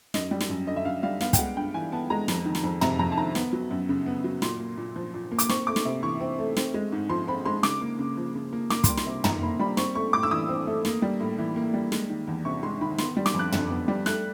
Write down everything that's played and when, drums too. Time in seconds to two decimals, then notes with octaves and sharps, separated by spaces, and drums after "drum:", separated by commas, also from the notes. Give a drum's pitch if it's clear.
0.14 F#2 D#5, drum: snare
0.31 G3
0.40 drum: snare
0.50 F#2
0.67 D3 D#5
0.76 E5
0.85 F#2 F5
1.03 G3 F5
1.21 B3 F5, drum: snare
1.33 G5, drum: kick, hi-hat
1.39 G#3 F#5
1.57 G2 G5
1.74 E3 G#5
1.92 B3 A5
2.10 G#3 A#5
2.28 F2, drum: snare
2.45 D#3
2.55 drum: snare
2.64 F2
2.81 C3 A#5, drum: tom
2.99 F2 A#5
3.12 A5
3.17 D#3 A#5
3.35 B3, drum: snare
3.53 F#3
3.71 F#2
3.89 C#3
4.06 B3
4.24 F#3
4.42 A#2 C6, drum: snare
4.60 A#3
4.77 A#2
4.96 F3
5.14 A#2
5.31 A#3
5.39 D6, drum: hi-hat
5.49 C4 C#6, drum: snare
5.67 A3 D6
5.76 drum: snare
5.85 C3
6.03 E3 C#6
6.20 C4
6.39 A3
6.57 C4, drum: snare
6.74 G#3
6.92 G#2
7.09 F3 C6
7.28 C4 B5
7.45 G#3 C6
7.63 C#3 D6, drum: snare
7.81 A#3
7.99 C#3
8.17 F3
8.35 C#3
8.53 A#3
8.70 A#3 D6, drum: snare
8.84 C6, drum: kick, hi-hat
8.88 G3
8.97 C6, drum: snare
9.06 C3
9.24 D#3 A#5, drum: tom
9.42 A#3 B5
9.60 G3 B5
9.77 C4 C#6, drum: snare
9.95 A3 C#6
10.13 A2 D6
10.23 E6
10.31 E3 D#6
10.49 C4
10.67 A3
10.85 A#3, drum: snare
11.02 G3
11.20 A2
11.38 E3
11.56 A#3
11.74 G3
11.92 G#3, drum: snare
12.09 D#3
12.27 E2
12.45 C3 C#6
12.63 G#3 C6
12.81 D#3 B5
12.98 B3 C6, drum: snare
13.17 G3
13.26 D6, drum: snare
13.34 F2 F#6
13.52 D3, drum: tom
13.70 B3
13.88 G3
14.06 A3 F#6, drum: snare